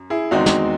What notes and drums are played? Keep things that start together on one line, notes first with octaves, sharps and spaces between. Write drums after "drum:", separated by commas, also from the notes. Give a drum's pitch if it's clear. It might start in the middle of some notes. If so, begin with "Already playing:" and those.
Already playing: F#2
E4 G#4
E2 D#3 G#3 C4 D#4 F#4
drum: snare